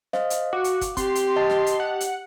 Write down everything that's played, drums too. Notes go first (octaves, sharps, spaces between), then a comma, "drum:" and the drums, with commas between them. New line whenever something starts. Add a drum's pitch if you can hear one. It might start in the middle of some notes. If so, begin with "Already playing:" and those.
C5 D#5 F5, drum: snare
drum: hi-hat
F#4 F5 D6
drum: hi-hat
drum: kick, hi-hat
C4 G4 C6, drum: kick, hi-hat
drum: hi-hat
D#5 A5 A6
drum: snare
drum: hi-hat
F#5
drum: hi-hat